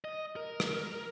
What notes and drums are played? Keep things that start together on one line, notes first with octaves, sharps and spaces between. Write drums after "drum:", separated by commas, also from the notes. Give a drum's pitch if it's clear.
D#5
A#4
drum: rim click